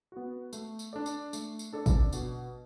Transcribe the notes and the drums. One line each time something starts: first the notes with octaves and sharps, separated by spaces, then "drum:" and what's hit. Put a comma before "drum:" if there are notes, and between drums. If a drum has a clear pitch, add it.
B3 F#4
A3, drum: tambourine
drum: tambourine
D4 A4 D5
drum: tambourine
A3, drum: tambourine
drum: tambourine
D4 A4 D5
drum: kick, tambourine
B2, drum: tambourine